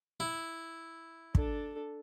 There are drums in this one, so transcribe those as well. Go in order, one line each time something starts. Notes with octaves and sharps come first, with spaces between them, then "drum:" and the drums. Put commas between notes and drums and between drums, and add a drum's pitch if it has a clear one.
E4
D4 A4, drum: kick